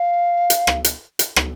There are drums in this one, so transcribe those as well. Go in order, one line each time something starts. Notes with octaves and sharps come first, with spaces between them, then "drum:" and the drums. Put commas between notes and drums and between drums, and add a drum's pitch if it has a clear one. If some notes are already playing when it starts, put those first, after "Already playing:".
Already playing: F5
drum: hi-hat
drum: rim click
drum: hi-hat
drum: hi-hat
drum: rim click